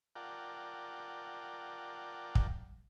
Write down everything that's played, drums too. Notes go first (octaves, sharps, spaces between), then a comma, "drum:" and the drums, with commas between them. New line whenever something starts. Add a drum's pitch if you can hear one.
F4 A#4 D5 F#5 G5 A5
drum: kick